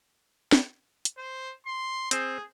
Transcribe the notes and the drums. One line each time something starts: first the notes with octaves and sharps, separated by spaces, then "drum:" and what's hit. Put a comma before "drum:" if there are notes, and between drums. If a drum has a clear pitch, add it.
drum: snare
drum: hi-hat
C5
C6
C4 G#4 C5, drum: hi-hat